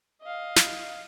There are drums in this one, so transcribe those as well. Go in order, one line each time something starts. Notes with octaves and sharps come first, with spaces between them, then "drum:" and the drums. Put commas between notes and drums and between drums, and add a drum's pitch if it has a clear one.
D#5 F5
drum: snare